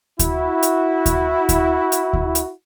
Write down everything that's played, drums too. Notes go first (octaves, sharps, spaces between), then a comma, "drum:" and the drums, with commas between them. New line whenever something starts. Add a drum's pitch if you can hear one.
E4 F#4, drum: kick D2, hi-hat
drum: hi-hat
drum: kick D2, hi-hat
drum: kick D2, hi-hat
drum: hi-hat
drum: kick D2
drum: hi-hat